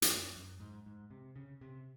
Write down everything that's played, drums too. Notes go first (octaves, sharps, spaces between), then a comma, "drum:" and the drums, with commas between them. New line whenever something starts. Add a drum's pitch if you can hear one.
F2, drum: hi-hat
F#2
F#2
G#2
G#2
C3
C#3
C3